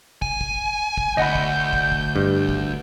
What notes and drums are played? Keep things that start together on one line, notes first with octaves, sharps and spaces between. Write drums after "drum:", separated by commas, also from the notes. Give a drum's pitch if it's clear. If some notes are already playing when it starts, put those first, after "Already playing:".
G#5, drum: kick
drum: kick
drum: kick
D2 D#5 F#5 B5 G6
drum: kick
drum: kick
drum: kick
G2
drum: kick